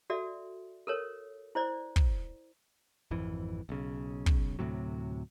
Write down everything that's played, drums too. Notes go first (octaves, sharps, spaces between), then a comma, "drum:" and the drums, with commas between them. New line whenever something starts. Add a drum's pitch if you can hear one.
F#4 A4 D5 E5
A4 A#4 C#5
E4 C5 D5
drum: kick
G#1 F2 E3
B1 C#3
drum: kick
D2 A2 C3 F#3